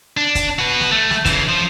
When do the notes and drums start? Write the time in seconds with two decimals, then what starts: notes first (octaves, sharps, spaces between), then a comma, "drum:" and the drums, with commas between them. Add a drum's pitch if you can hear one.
0.17 D4
0.35 drum: kick, hi-hat
0.59 F#4 B4
0.80 drum: snare
0.91 A3
1.10 drum: snare
1.25 C#3 E3, drum: kick, hi-hat
1.49 F3